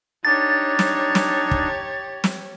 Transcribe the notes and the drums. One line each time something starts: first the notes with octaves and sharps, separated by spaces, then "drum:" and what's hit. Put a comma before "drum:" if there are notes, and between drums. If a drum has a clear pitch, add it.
D4 D#4 G4 C#5 A6
drum: snare
drum: snare
drum: kick
drum: snare